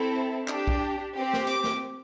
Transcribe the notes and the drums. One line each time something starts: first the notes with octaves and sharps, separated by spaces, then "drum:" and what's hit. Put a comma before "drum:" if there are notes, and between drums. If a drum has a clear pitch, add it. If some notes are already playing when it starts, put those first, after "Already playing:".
Already playing: C4 E4 A4
D4 G4, drum: clap
drum: kick
C4 G4
drum: snare
D6, drum: hi-hat
drum: snare